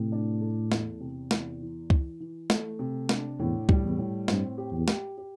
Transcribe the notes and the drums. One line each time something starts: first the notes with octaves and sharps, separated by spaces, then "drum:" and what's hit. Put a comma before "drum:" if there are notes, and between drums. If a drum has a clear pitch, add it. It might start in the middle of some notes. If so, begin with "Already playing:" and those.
Already playing: A2 C3
D4
A3
E2, drum: snare
C3
E2, drum: snare
E3
E3, drum: kick C#2
E3
A3, drum: snare
C3
D4, drum: snare
E2 A2
G3, drum: kick C#2
E2
A2
G2 C4, drum: snare
G4
E2
G4, drum: snare
G4